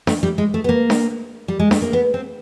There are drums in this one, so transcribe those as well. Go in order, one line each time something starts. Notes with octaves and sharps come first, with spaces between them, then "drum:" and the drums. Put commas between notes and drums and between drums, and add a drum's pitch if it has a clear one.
A3, drum: snare D4
G3
G#3
A3
B3
A#3
drum: snare D4
G3
G#3
A3, drum: snare D4
A#3
B3
C4